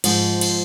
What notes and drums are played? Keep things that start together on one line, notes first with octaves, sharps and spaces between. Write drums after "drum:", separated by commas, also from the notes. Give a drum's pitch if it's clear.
G#2 F3 G#3, drum: cymbal
drum: cymbal